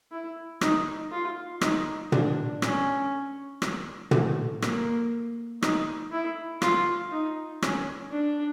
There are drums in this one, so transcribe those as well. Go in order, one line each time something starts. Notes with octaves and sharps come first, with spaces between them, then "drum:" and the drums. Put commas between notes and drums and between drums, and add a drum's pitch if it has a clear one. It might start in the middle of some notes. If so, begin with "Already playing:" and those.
E4
D#4, drum: rim click
F4
D#4, drum: rim click
D4, drum: tom
C#4, drum: rim click
drum: rim click
A3, drum: tom
A#3, drum: rim click
D#4, drum: rim click
E4
F4, drum: rim click
D#4
C#4, drum: rim click
D4